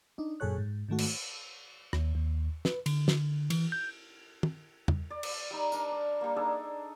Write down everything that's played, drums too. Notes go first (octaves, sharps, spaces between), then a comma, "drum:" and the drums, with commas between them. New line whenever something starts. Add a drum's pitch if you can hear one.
D4 D#4
F#2 A#2 G#4 A4 C#5 F#6
G#2
G#2 D#3 A3 F#4
drum: cymbal
D#2, drum: rim click
D#2
B4, drum: snare
D3, drum: cymbal
drum: snare
E3, drum: cymbal
G6
drum: tom
drum: tom E2
D5
drum: cymbal
G3 D#4
D4 A#4, drum: tambourine
D5
G3 A#3
D4 D#4 G#4 A4